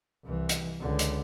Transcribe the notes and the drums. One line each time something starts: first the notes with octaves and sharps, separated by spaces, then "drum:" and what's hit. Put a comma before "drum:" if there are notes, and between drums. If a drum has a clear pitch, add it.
C2 E3
drum: hi-hat
C#2 D3
drum: hi-hat